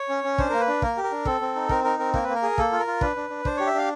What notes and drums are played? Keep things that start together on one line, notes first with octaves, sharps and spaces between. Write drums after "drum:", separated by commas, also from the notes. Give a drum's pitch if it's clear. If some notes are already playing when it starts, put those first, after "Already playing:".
Already playing: C#5
C#4
C#4
D4 C5, drum: kick
A#3 A#4
B4
D4
A#3 A#4, drum: kick
G4
A#4
D4
C4 A4, drum: kick
C4
D#4
C4 A#4, drum: kick
D#4 A#4
C4 A#4
A#3 A#4, drum: kick
B4
A#3
A#4
G#4
A#3 A4, drum: kick
F4
A#4
F4
D4 B4, drum: kick
D4
D4
D4 C5, drum: kick
G4 C#5
E5
D4 F5